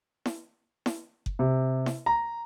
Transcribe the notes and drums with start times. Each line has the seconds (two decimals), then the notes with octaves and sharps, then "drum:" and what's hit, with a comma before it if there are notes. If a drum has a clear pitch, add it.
0.26 drum: snare E4
0.86 drum: snare E4
1.26 drum: kick F#1
1.39 C3
1.86 drum: snare E4
2.06 A#5